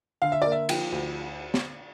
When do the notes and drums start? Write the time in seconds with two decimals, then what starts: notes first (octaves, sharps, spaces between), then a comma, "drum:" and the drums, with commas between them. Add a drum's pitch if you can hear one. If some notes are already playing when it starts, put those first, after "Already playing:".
0.22 D3 F5
0.32 E5
0.42 A#3 D5
0.52 E5
0.69 F3 G5, drum: cymbal
0.92 D2
1.54 drum: snare